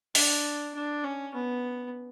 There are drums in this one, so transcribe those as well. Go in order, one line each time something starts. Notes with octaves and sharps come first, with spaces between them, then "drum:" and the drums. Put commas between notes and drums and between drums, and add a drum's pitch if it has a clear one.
D4, drum: open hi-hat
D4
C#4
B3